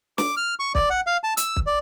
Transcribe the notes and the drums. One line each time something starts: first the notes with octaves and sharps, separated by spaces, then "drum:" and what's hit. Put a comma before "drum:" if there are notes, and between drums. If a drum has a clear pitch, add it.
D6, drum: snare
F6
C#6
D5, drum: kick
F#5
F5
A5
E6, drum: hi-hat
drum: kick
D5